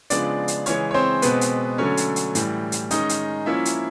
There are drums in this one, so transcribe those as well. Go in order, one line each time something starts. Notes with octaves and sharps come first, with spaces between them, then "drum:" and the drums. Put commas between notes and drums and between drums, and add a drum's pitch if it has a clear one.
C#3 F3 G#3 B3 D4 D5, drum: hi-hat
drum: hi-hat
C#3 E3 G#3 C#4 C#5, drum: hi-hat
C#5
C4 C5
B2 G#3 B3 C4 B4, drum: hi-hat
drum: hi-hat
D3 F#3 A3 C#4 C#5
drum: hi-hat
drum: hi-hat
A2 E3 G3, drum: hi-hat
drum: hi-hat
D#3 G#3 C#4 D#4 D#5, drum: hi-hat
drum: hi-hat
F3 A#3 C#4 E4 E5
drum: hi-hat